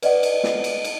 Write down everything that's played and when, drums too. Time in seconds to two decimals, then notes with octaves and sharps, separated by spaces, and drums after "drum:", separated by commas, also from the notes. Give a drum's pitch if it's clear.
0.03 B4 D5 D#5 F#5, drum: cymbal
0.23 drum: cymbal
0.43 drum: snare
0.64 drum: cymbal
0.84 drum: cymbal